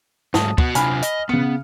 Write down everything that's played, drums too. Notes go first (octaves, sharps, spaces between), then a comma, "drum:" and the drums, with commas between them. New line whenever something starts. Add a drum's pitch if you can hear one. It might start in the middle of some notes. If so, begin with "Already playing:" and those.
G#2 F#3 A3 A5 D#6, drum: snare
B3 F#4, drum: kick
C3 D4 F4 G#5 B5 F6, drum: hi-hat
D#5, drum: hi-hat
C#3 B3 C#7